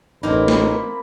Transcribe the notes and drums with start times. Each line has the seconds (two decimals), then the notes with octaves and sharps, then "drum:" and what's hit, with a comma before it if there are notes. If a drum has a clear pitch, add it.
0.23 A1 A#3 C4 D#4 E4 B5
0.48 drum: snare